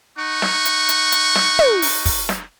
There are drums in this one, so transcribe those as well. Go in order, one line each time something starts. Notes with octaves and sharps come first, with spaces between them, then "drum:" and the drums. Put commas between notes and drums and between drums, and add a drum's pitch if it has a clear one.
D#4 F#5 C#6
drum: snare
drum: hi-hat
drum: hi-hat
drum: hi-hat
drum: snare
drum: tom
drum: open hi-hat
drum: kick, open hi-hat
drum: snare